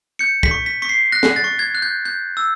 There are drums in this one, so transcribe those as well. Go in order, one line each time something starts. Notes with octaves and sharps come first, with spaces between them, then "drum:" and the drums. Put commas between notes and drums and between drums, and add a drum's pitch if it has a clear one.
G6 C#7
B6, drum: kick
C#6
B6
C#6 B6
C7
F#6 A#6
drum: snare
A6
C#6
G#6
F#6
G6
G6
E6